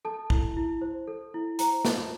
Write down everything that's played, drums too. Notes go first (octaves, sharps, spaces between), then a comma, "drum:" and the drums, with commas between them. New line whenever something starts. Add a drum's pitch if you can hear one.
A4 A5
E4, drum: kick
E4
C5
A4
E4
C5 A#5, drum: hi-hat
F4 A5, drum: snare